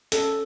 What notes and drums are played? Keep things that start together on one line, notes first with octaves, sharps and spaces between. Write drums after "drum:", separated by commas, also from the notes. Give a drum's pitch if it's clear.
C#4 A4, drum: hi-hat